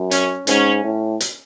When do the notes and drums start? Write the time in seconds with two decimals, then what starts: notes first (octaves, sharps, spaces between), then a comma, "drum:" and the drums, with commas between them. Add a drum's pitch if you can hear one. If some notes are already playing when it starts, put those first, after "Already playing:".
Already playing: F#2
0.11 C#4, drum: hi-hat
0.47 G#2 C#4, drum: hi-hat
0.84 A2
1.20 drum: hi-hat